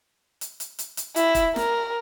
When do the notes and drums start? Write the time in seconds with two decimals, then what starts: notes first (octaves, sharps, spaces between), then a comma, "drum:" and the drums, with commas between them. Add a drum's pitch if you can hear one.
0.41 drum: hi-hat
0.60 drum: hi-hat
0.79 drum: hi-hat
0.97 drum: hi-hat
1.16 E4, drum: hi-hat
1.35 drum: kick, hi-hat
1.56 A#4, drum: snare